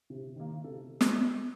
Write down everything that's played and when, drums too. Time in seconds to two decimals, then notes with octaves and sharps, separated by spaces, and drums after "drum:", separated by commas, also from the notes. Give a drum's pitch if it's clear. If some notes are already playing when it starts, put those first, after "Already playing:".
0.10 C3
0.36 D#3 A#3
0.64 C3 A4
1.01 drum: snare